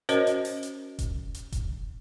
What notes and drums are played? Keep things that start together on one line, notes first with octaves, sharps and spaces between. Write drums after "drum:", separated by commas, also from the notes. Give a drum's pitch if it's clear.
C#4 F#4 A#4 C5 C#5 D#5, drum: hi-hat
drum: hi-hat
drum: open hi-hat
drum: hi-hat
drum: kick E1, hi-hat
drum: hi-hat
drum: kick E1, hi-hat